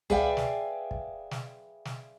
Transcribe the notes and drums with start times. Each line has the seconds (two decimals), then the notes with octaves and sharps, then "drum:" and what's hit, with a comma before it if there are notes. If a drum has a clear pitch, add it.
0.10 G#4 B4 D5 E5 F5 G5, drum: tom C#2
0.37 drum: snare
0.91 drum: kick
1.31 drum: snare
1.85 drum: snare